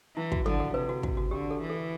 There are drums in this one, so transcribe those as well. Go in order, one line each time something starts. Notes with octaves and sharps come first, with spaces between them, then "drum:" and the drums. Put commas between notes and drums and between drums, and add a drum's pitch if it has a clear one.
E3 E4
F#4, drum: kick
D3 A4, drum: tom F3
A4
C3 B4
F#4
F#4, drum: kick
F#4
D3 G4
A4
E3
A4